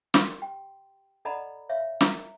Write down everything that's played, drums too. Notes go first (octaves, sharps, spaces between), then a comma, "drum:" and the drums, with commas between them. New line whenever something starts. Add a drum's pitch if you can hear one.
G4 C6, drum: snare
G5
A4 D5 D#5 F#5 A#5 B5
C#5 E5 F5
A#5, drum: snare